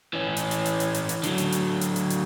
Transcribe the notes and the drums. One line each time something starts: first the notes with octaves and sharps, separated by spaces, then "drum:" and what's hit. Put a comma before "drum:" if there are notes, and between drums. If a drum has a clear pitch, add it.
E3 C#4
drum: hi-hat
drum: hi-hat
drum: hi-hat
drum: hi-hat
drum: hi-hat
drum: hi-hat
D3 F#3, drum: hi-hat
drum: hi-hat
drum: hi-hat
drum: hi-hat
drum: hi-hat
drum: hi-hat